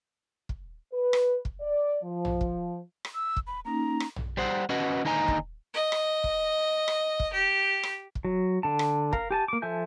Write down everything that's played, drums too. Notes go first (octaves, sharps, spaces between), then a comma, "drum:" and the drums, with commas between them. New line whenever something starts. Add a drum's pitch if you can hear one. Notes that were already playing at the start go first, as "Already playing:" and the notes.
drum: kick
B4
drum: rim click
drum: kick
D5
F3
drum: tom A#1
drum: kick
drum: rim click
E6
drum: kick
B5
A#3 C#4 D#4 A#5
drum: rim click
drum: tom A#1
G3 C5 F#5
C#4 F#4 B4 D#5 F#5
D#2 D3 D#4 D#5 G#5 A#5
drum: kick
D#5
drum: rim click
drum: kick
drum: rim click
drum: kick
G4
drum: rim click
drum: kick
F#3
D3 A5
drum: rim click
A#4 F5, drum: kick
G4 G#5 A5
A#3 D6
F3 A4 E5 G#5 G6